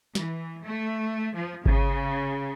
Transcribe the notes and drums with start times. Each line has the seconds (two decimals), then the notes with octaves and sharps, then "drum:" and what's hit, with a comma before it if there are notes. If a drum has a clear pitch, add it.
0.15 E3, drum: snare
0.63 A3
1.35 F3
1.66 C#3, drum: kick G#1